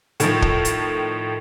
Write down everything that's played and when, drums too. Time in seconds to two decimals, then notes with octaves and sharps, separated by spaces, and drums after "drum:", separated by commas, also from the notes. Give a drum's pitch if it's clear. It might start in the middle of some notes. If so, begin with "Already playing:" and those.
0.20 A2 D#3 F3, drum: hi-hat
0.42 drum: kick
0.65 drum: hi-hat